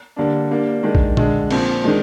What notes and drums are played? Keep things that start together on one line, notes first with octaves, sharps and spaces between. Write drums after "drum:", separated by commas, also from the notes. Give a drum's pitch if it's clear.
D3 G3 A#3 D4
G3 A#3 D4
D#3 G#3 D4
drum: kick A#1
D3 G#3 D4, drum: tom A#2
A#2 F3 C4, drum: cymbal
D#3 G#3 D4